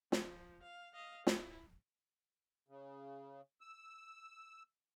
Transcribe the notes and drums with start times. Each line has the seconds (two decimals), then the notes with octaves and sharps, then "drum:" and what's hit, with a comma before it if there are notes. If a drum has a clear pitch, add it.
0.12 F3, drum: snare
0.63 F5
0.95 D#5 F5
1.27 E4, drum: snare
2.69 C#3
3.61 E6